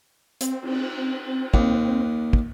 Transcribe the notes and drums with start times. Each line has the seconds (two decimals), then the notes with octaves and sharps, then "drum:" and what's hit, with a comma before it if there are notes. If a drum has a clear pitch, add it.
0.41 C4, drum: hi-hat
0.63 drum: cymbal
1.54 D#2, drum: kick
2.33 drum: kick